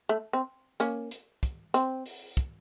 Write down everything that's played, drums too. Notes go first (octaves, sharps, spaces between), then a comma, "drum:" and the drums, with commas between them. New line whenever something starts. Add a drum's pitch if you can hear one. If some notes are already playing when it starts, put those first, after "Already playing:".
A3
C4
A#3 C#4, drum: hi-hat
drum: hi-hat
drum: kick, hi-hat
C4, drum: hi-hat
drum: open hi-hat
drum: kick, hi-hat